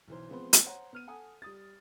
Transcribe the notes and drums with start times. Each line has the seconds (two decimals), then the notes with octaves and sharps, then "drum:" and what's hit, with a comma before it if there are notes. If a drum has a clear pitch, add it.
0.08 B1 E3 C5
0.29 F3 G#3 B3 C4 B4 C5
0.53 drum: hi-hat
0.65 C5 C#5 F#5 A#5
0.93 B3 F6 D#7
1.07 A4 F#5 G#5 D#6
1.42 G3 D#6 A6